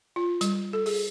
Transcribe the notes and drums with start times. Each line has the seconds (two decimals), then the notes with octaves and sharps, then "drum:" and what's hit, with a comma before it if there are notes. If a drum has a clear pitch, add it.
0.16 F4
0.41 G3, drum: hi-hat
0.73 A4
0.86 G#4, drum: open hi-hat